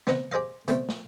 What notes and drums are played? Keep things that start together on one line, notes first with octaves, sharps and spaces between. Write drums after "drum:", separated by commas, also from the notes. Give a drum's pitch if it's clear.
B3 C4 B4 D#5 F#5, drum: snare
G4 G#4 C5 D#5 F5
B2 G3 A3 C4, drum: hi-hat
drum: snare